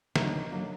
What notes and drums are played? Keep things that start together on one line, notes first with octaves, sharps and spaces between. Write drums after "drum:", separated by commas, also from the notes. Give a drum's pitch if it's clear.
D3 F#3 A#3 D#4, drum: snare
D3 F#3 A#3